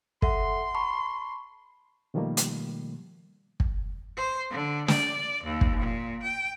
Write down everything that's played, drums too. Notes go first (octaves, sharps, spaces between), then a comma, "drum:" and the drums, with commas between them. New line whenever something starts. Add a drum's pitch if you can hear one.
A4 E5 F#5 C6, drum: kick
A5 B5 C#6
B2 D#3 F3 G3 A3 A#3
drum: hi-hat
drum: kick
C5
D3
D5, drum: snare
D#2
drum: kick
A#2
G5